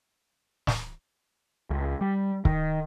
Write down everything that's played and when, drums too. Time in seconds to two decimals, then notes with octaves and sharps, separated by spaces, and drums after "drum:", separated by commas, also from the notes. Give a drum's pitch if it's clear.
0.67 drum: snare
1.70 C#2
2.01 G3
2.45 D#3, drum: kick C#1